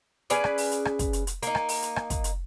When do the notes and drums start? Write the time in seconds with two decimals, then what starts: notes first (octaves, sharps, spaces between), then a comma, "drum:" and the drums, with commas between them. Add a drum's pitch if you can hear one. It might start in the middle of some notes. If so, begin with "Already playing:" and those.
0.30 C#4 G#4 B4 D5, drum: hi-hat
0.44 drum: rim click
0.58 drum: open hi-hat
0.72 drum: hi-hat
0.85 drum: rim click
0.99 drum: kick, hi-hat
1.13 drum: hi-hat
1.27 drum: hi-hat
1.43 A#3 D#4, drum: hi-hat
1.55 drum: rim click
1.69 drum: open hi-hat
1.82 drum: hi-hat
1.96 drum: rim click
2.10 drum: kick, hi-hat
2.24 drum: hi-hat